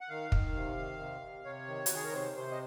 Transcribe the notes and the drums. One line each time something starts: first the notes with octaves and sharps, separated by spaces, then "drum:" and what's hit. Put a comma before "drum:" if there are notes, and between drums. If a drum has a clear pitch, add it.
F#5
D#3 F5
D#3, drum: kick
C3
D#3
C3
C3
C3 C#5
D#3
F#4, drum: hi-hat
D#3
G#4
A#4
C3 C5
C3 C5
D#5